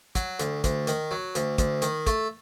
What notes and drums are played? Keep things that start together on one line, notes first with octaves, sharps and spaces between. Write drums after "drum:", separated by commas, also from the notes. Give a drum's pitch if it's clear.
F#3, drum: kick, hi-hat
D2, drum: hi-hat
D2, drum: kick, hi-hat
D#3, drum: hi-hat
F#3
D2, drum: hi-hat
D2, drum: kick, hi-hat
D#3, drum: hi-hat
A3, drum: kick, hi-hat